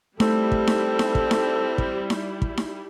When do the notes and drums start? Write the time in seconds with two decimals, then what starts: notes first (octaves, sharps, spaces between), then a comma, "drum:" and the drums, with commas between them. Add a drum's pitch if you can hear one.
0.20 G3 A3 C4 E4 A4, drum: snare D#4
0.52 drum: kick
0.67 drum: snare D#4
0.99 drum: snare D#4
1.15 drum: kick
1.31 drum: snare D#4
1.78 drum: kick
2.10 drum: snare D#4
2.42 drum: kick
2.57 drum: snare D#4